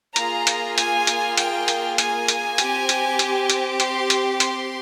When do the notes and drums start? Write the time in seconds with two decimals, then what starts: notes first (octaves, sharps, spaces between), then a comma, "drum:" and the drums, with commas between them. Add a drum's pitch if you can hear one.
0.16 A#3 F4 G#4 A#5, drum: hi-hat
0.47 drum: hi-hat
0.78 G#5, drum: hi-hat
1.07 drum: hi-hat
1.38 G5, drum: hi-hat
1.68 drum: hi-hat
1.98 G#5, drum: hi-hat
2.28 drum: hi-hat
2.58 C4 G4, drum: hi-hat
2.89 drum: hi-hat
3.19 drum: hi-hat
3.50 drum: hi-hat
3.80 C6, drum: hi-hat
4.10 drum: hi-hat
4.40 C6, drum: hi-hat